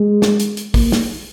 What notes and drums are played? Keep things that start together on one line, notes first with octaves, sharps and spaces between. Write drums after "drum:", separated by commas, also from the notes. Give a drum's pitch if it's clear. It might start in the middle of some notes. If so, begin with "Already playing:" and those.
Already playing: G#3
drum: snare
drum: hi-hat
drum: hi-hat
A#3, drum: kick, open hi-hat
drum: snare